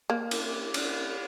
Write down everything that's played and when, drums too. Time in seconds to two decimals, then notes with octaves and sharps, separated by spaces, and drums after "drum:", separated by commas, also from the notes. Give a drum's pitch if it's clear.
0.10 A#3
0.31 drum: cymbal
0.74 drum: cymbal